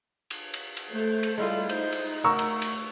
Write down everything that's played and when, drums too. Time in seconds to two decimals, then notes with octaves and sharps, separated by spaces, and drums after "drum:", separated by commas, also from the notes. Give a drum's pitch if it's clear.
0.30 drum: cymbal
0.54 drum: cymbal
0.77 drum: cymbal
0.91 A3 A4 C5
1.23 drum: cymbal
1.38 G3 G#3 E4 F4
1.69 D#4 C5, drum: cymbal
1.92 drum: cymbal
2.24 A3 F#4 A#4 A#5 C#6 E6
2.39 drum: cymbal
2.62 drum: cymbal